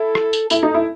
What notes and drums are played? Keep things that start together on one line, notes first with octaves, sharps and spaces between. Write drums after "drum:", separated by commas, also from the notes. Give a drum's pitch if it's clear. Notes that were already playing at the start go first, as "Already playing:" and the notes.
Already playing: E4 A4
drum: rim click
drum: tambourine
E4 A4, drum: tambourine
D#4
E4